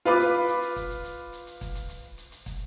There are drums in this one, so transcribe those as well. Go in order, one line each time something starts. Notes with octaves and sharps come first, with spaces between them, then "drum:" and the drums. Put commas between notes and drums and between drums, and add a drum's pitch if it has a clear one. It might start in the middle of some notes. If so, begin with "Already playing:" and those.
F4 B4 B5 D6, drum: hi-hat
drum: hi-hat
drum: hi-hat
drum: hi-hat
drum: kick, hi-hat
drum: hi-hat
drum: hi-hat
drum: hi-hat
drum: hi-hat
drum: kick, hi-hat
drum: hi-hat
drum: hi-hat
drum: hi-hat
drum: hi-hat
drum: kick, hi-hat